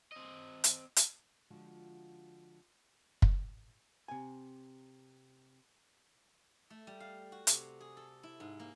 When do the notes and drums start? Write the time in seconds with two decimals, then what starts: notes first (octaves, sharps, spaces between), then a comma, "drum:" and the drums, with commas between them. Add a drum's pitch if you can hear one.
0.12 C4 D#5
0.64 drum: hi-hat
0.96 drum: hi-hat
1.50 D3 F3 G#3 F4 F#4
3.22 drum: kick
4.08 C3 G#5
6.70 A3
6.87 G3
7.00 F5
7.32 F#4
7.47 C3, drum: hi-hat
7.81 G#4
7.97 A4
8.23 E4
8.40 G#2
8.60 A#3